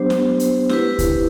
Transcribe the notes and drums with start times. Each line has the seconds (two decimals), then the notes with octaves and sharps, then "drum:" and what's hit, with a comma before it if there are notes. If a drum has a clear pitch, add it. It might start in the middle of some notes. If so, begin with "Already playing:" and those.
Already playing: F#3 B3 D4 G4 C5
0.10 drum: snare
0.40 drum: hi-hat
0.69 E4 G4 B4, drum: snare
0.99 drum: kick C#2, hi-hat